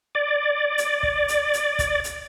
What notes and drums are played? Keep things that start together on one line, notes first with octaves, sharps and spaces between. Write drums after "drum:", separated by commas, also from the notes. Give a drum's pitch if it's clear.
D5
drum: hi-hat
drum: kick
drum: hi-hat
drum: hi-hat
drum: kick, hi-hat
drum: hi-hat